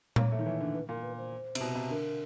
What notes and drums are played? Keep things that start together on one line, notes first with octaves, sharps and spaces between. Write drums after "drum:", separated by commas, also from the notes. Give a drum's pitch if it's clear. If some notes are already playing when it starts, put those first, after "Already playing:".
A#3 C#5, drum: tom A#2
A3
D#3
E3
D3
B4
A#2 A#4
B4
C5
C3, drum: cymbal
B2
C3
D3 A#4